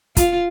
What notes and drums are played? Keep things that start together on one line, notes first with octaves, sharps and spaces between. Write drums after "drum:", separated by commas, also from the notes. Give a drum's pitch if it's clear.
F4, drum: kick, hi-hat